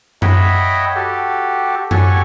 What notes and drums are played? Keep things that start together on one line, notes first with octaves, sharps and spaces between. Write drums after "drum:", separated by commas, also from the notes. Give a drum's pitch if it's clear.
C#5 D#5 E5 F#5 G5 B5, drum: tom F#2
F#4 G4 A4
F#4 G4 A4 C#5 G#5 C#6, drum: tom F#2